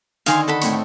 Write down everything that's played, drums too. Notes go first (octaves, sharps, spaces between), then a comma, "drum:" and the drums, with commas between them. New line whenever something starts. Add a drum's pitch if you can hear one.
D3 D#3 D#4 F5 G#5 C6, drum: hi-hat
A4 F#5 A5 B5
A2 C4 C#6, drum: hi-hat